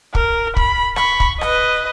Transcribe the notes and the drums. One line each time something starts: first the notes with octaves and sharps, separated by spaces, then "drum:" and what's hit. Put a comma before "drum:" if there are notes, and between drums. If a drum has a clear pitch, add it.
A#4, drum: kick
B5, drum: kick
B5 C#6, drum: rim click
drum: kick
B4 D#5, drum: rim click